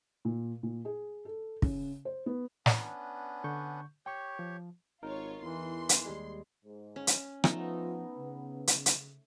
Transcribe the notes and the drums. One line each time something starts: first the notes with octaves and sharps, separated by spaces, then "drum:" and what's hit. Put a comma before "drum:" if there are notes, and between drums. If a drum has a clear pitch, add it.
A#2
A#2
G#4
A4
C#3, drum: kick
C5
B3
B3 C#4 D4, drum: snare
D3 C#6 G6
G4 C#5 G5 C#6
F3
G#1 D#4 F4 A#4 C#5
E2 E3 C6
drum: hi-hat
D#2 G3 G#3
G#2
C#4
drum: hi-hat
F3 A3 B3 D#4, drum: rim click
C#3
drum: hi-hat
drum: hi-hat